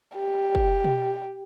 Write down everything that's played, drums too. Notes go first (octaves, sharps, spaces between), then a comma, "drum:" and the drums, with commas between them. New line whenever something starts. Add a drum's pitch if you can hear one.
G4
drum: kick
drum: tom B2